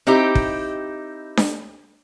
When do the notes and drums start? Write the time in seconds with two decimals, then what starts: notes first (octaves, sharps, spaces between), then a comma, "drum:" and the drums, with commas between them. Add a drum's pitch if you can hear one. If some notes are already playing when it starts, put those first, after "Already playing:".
0.07 C4 D#4 E4 G4
0.35 drum: kick
1.37 drum: snare D4